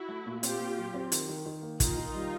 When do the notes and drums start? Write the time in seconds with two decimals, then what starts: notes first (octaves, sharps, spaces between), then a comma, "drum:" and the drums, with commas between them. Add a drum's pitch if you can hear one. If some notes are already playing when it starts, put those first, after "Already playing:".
Already playing: E4 F#4
0.09 A3
0.26 A#2
0.43 C4 F4 G4, drum: hi-hat
0.60 A#2
0.78 F#3
0.94 C4
1.12 D#3, drum: hi-hat
1.29 D#3
1.46 D#3
1.63 A#3
1.80 D#3 D#4 F4, drum: kick, hi-hat
1.97 D#3
2.14 G3